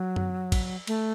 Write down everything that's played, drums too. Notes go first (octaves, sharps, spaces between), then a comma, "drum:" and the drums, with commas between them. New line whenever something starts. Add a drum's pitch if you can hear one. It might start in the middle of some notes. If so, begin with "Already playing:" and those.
Already playing: F#3
drum: tom F#2
drum: kick, cymbal
A3, drum: cymbal